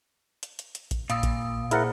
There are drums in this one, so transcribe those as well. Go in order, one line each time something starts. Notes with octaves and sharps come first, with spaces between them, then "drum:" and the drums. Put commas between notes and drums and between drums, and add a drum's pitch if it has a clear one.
drum: hi-hat
drum: hi-hat
drum: hi-hat
drum: kick A1, hi-hat
A#2 F5 D#6 E6, drum: hi-hat
drum: kick A1, hi-hat
E4 G#4 A#4 C5 F#5 C#7, drum: hi-hat